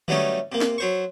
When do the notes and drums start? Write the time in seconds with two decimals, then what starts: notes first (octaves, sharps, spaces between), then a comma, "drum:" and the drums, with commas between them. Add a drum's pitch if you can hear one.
0.08 E3 F#3 G3 A3 C#4 D#4, drum: tom D3
0.52 C3 A#3
0.61 drum: snare
0.78 F#3 C5 C#6